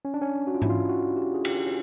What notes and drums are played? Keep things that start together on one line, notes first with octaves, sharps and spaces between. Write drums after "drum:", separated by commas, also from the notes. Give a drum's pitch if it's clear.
C#4
D4
C#4
F#4
F4
E4, drum: tom G#2
F4
F#4
G4
G#4
G4, drum: cymbal